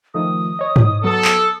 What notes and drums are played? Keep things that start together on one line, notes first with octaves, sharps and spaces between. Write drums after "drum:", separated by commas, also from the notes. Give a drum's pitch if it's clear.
D#3 F3 A3 D#6
C#5 D#5
drum: tom G#2
F#3 B3 A4
drum: clap